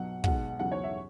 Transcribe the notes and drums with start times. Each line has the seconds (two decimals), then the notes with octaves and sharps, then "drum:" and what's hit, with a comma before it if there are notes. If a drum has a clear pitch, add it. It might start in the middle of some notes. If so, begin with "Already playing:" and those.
Already playing: B1 B2 F#3 F#5
0.24 B1 B2 G#3 F#5, drum: kick
0.59 E2 C#3 F#3 F#5
0.72 C#5
0.84 E5